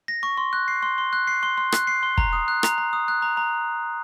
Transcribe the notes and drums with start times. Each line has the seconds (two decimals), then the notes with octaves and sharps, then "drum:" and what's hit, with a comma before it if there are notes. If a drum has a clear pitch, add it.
0.08 A#6
0.23 C#6
0.38 C6
0.53 F#6
0.68 C7
0.83 C6
0.98 C6
1.13 F#6
1.27 C7
1.43 C6
1.58 C6
1.72 F#6, drum: rim click
1.87 C7
2.03 C6
2.18 A#5, drum: kick
2.33 D#6
2.48 F#6
2.63 A#5, drum: rim click
2.78 A#5
2.93 D#6
3.08 F#6
3.22 A#5
3.37 A#5